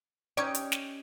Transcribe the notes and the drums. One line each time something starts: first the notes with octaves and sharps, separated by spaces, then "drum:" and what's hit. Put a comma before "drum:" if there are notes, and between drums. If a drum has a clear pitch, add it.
C#4 D#4 G4 D5 C#6 G#6
drum: hi-hat
drum: snare